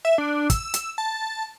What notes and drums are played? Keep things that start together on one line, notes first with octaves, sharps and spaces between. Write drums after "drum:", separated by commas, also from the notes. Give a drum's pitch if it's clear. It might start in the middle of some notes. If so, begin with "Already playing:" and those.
E5
D4
E6, drum: kick, hi-hat
drum: hi-hat
A5